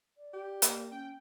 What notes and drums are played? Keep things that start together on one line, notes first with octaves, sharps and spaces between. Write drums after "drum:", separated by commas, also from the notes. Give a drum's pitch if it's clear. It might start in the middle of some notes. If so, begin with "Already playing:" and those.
D5
G4
A#3, drum: hi-hat
C#4 G5